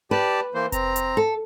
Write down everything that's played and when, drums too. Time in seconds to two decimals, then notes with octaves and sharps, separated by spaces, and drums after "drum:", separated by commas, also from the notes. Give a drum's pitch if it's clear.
0.11 G4 B4 D5 A5
0.54 E3 A#3 C5
0.72 C4 A#5, drum: kick F1, hi-hat
0.96 drum: hi-hat
1.17 A4